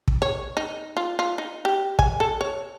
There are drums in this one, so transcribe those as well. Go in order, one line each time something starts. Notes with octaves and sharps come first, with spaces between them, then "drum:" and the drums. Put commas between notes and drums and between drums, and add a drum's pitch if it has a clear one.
drum: kick
C#5
D#4
F4
F4
D#4
G4
G#5, drum: kick
A4
C#5